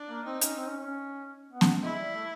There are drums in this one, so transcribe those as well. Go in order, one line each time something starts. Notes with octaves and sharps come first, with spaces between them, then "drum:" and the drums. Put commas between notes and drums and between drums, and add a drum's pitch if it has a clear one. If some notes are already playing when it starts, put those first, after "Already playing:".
Already playing: D4
A#3
C4 D#4
C#4, drum: hi-hat
C4
C#4
C#4
B3
drum: snare B3
G#3 E4
G3
A3